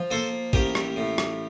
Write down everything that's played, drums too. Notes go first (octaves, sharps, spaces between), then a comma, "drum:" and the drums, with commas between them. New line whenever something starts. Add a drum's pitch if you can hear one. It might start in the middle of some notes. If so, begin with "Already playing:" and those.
Already playing: F3
A#3 A4 C5
A1 G4 A#4, drum: kick A1
drum: rim click
A2
drum: rim click